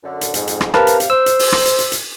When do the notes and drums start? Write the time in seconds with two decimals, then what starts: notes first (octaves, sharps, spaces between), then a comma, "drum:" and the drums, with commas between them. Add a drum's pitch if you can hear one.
0.04 F#2 D3
0.21 drum: hi-hat
0.34 F2 G#2, drum: hi-hat
0.47 drum: hi-hat
0.61 drum: rim click
0.74 C3 G4 A#4 B4 F5 A5, drum: rim click
0.87 drum: hi-hat
1.00 drum: hi-hat
1.10 C5 E6
1.26 drum: hi-hat
1.39 drum: open hi-hat
1.52 drum: rim click
1.66 drum: hi-hat
1.79 drum: hi-hat
1.92 drum: hi-hat